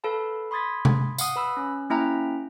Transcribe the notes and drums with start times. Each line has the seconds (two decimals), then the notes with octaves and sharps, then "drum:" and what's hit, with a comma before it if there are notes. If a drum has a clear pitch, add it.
0.04 A4 B4 F5 A5 B5
0.51 B5 C6 D#6 G#6 A6 B6
0.85 drum: tom C3
1.18 F5 F#5 D#6, drum: tambourine
1.36 B4 B5 E6
1.57 C#4
1.90 A#3 C#4 E4 E5 G5 A#5